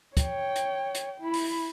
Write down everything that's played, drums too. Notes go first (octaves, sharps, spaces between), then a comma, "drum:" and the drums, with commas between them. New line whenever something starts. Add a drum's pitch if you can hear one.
C#5 G5, drum: kick, hi-hat
drum: hi-hat
drum: hi-hat
E4 B5
drum: open hi-hat